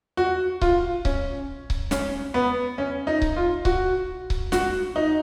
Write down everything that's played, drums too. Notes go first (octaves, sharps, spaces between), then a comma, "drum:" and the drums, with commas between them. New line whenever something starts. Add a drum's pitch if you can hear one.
F#4
F4, drum: kick C#1
C#4, drum: kick C#1
drum: kick C#1
C#4, drum: snare
B3
C#4
D#4
drum: kick C#1
F4
F#4, drum: kick C#1
drum: kick C#1
F#4, drum: snare
D#4